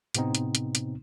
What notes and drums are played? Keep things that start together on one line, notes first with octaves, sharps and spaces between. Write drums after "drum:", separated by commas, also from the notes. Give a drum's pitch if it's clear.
A2 C3 B3 C4 D#4, drum: hi-hat
drum: hi-hat
drum: hi-hat
drum: hi-hat